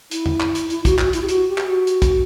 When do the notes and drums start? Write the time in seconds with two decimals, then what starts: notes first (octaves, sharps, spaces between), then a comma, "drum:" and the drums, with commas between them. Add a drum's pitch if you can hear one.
0.11 E4, drum: hi-hat
0.26 drum: tom F2
0.40 drum: clap
0.55 drum: hi-hat
0.70 E4, drum: hi-hat
0.85 F#4, drum: kick, hi-hat
0.99 F#4, drum: clap
1.13 E4, drum: hi-hat
1.22 G4
1.29 F#4, drum: hi-hat
1.49 G4
1.58 drum: clap
1.67 F#4
1.87 drum: hi-hat
2.02 drum: kick, hi-hat